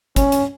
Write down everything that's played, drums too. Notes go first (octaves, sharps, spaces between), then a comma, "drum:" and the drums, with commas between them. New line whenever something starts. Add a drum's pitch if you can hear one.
C#4, drum: kick, hi-hat
drum: hi-hat